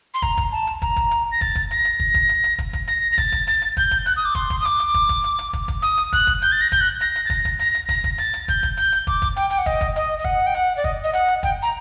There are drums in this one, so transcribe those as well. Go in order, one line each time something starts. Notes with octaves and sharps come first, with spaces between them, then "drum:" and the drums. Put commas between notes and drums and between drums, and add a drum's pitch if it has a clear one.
C6
A#5, drum: kick, hi-hat
drum: kick, hi-hat
A5
drum: hi-hat
A#5, drum: kick, hi-hat
drum: kick, hi-hat
drum: hi-hat
A#6
A6, drum: kick, hi-hat
drum: kick, hi-hat
A#6, drum: hi-hat
drum: hi-hat
drum: kick
drum: kick, hi-hat
drum: hi-hat
drum: hi-hat
drum: kick, hi-hat
drum: kick, hi-hat
A#6, drum: hi-hat
A#6
A6, drum: kick, hi-hat
drum: kick, hi-hat
A6, drum: hi-hat
drum: hi-hat
G6, drum: kick, hi-hat
drum: kick, hi-hat
F#6, drum: hi-hat
D#6
D6
C6, drum: kick, hi-hat
drum: kick, hi-hat
D#6
D6, drum: hi-hat
drum: hi-hat
drum: kick, hi-hat
drum: kick, hi-hat
drum: hi-hat
drum: hi-hat
drum: kick, hi-hat
drum: kick, hi-hat
D#6, drum: hi-hat
drum: hi-hat
F#6, drum: kick, hi-hat
drum: kick, hi-hat
G6, drum: hi-hat
A6
A#6
G6, drum: kick, hi-hat
F#6
A#6, drum: hi-hat
drum: hi-hat
A6
A#6, drum: kick, hi-hat
drum: kick, hi-hat
A#6, drum: hi-hat
drum: hi-hat
A#6, drum: kick, hi-hat
drum: kick, hi-hat
A6, drum: hi-hat
drum: hi-hat
G6, drum: kick, hi-hat
drum: kick, hi-hat
G6, drum: hi-hat
drum: hi-hat
D6, drum: kick, hi-hat
drum: kick, hi-hat
G5, drum: hi-hat
G5, drum: hi-hat
F#5
D#5, drum: kick, hi-hat
drum: kick, hi-hat
D#5, drum: hi-hat
D#5
F#5, drum: kick
G5
F#5, drum: hi-hat
D5
D#5, drum: kick
D#5
F#5, drum: hi-hat
drum: hi-hat
G5, drum: kick, hi-hat
A#5